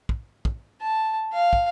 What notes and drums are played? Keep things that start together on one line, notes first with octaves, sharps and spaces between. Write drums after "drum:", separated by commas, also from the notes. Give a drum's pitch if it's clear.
drum: kick
drum: kick
A5
F5
drum: kick